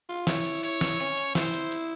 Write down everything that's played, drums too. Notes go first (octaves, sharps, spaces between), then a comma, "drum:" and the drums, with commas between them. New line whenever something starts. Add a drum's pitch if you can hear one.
F4
E4 C#5, drum: snare
drum: hi-hat
C#5, drum: hi-hat
drum: snare
C#4, drum: open hi-hat
drum: hi-hat
E4 C5, drum: snare
drum: hi-hat
drum: hi-hat